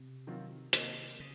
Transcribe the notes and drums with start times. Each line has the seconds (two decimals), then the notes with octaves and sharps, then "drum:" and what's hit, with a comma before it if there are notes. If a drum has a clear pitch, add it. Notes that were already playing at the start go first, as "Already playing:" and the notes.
Already playing: C3
0.27 D#3 F#3 C4 F4
0.73 C3 D#3 A#3 D#4, drum: hi-hat
1.20 C#3